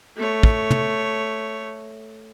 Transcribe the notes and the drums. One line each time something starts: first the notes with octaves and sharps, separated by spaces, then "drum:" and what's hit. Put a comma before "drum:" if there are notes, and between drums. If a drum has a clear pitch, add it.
A3 C#5
drum: kick
drum: tom